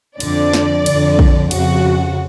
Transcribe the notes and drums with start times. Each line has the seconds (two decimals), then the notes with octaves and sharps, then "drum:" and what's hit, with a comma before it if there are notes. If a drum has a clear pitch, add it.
0.20 F2 D3 D5, drum: cymbal
0.53 drum: snare
0.86 F2 D3, drum: cymbal
1.19 drum: kick A#1
1.51 F2 C#3 F#4, drum: cymbal